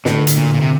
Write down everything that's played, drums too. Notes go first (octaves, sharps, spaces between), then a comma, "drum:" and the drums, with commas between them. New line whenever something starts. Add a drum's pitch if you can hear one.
A2 D3, drum: snare
drum: hi-hat
A#2
A#2
C3